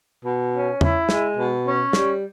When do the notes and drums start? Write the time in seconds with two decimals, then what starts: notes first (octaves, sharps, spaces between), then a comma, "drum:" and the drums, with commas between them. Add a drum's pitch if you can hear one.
0.24 B2
0.53 C#4
0.81 E4, drum: tom E2
1.09 G#3, drum: snare
1.37 B2
1.65 C#4
1.93 G3, drum: snare